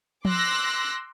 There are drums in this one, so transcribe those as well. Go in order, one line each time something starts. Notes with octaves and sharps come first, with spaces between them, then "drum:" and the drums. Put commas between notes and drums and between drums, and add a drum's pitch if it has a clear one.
C6 D6 E6 F#6 A#6, drum: tom F3